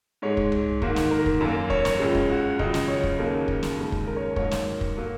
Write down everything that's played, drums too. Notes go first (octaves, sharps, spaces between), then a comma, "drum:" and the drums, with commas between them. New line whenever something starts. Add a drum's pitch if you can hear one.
G#2 G#3 C#5
drum: kick
drum: tom C2
G#2 D#3 A#3 F#4, drum: kick
drum: snare
A#4
drum: kick
F#2 F#3 A#3
C#5, drum: kick
C#5, drum: snare
C#2 C#3 G#3
drum: kick
F#4
C#2 C#3 F#3 D#5, drum: kick
drum: snare
C#5
drum: kick
D#2 C#3 F#3 A#3
drum: kick
drum: snare
D#2 C#3 G#3
drum: kick
A#4
C#5
G#2 F#3 A#3 C#5, drum: kick
drum: snare
drum: kick
F#3 A#3